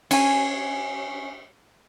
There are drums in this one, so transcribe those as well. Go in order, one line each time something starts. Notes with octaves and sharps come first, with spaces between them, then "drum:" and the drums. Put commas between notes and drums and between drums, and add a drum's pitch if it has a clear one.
C#4 G#5, drum: cymbal